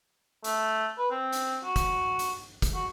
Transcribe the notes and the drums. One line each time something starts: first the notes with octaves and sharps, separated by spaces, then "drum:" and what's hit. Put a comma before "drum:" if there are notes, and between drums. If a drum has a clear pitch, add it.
A3, drum: hi-hat
B4
C4
drum: hi-hat
F#4
drum: kick, hi-hat
drum: hi-hat
drum: kick, hi-hat
F#4